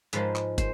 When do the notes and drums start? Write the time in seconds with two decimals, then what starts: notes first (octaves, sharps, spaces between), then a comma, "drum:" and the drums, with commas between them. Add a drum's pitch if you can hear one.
0.13 G#2 F3 G#3 B4, drum: hi-hat
0.36 drum: clap
0.58 C5, drum: kick, hi-hat